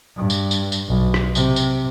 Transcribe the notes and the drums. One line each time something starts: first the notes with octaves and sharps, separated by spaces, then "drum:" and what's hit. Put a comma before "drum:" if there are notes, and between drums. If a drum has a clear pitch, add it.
G2
drum: tambourine
drum: tambourine
drum: tambourine
B1
drum: rim click
C3, drum: tambourine
drum: tambourine